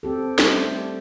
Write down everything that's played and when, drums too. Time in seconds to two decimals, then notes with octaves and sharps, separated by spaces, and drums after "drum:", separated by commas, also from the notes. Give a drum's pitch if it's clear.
0.03 C4 G4 A4
0.39 G3 A3 C5 D5, drum: snare